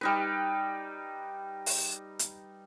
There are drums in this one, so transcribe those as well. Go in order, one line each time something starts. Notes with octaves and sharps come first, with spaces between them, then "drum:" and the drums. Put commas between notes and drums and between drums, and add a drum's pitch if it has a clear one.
G3 D#4 B4
drum: open hi-hat
drum: hi-hat